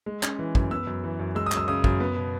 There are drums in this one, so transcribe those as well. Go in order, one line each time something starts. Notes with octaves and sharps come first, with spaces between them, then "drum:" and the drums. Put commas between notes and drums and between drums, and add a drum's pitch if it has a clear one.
G#3
C#4, drum: clap
E3
F#2, drum: kick
B3 E6
F#2
E3
F#2
G#3 E6
D#6
F#2, drum: clap
E6
C#3 D#6
F#2, drum: kick
B3
B2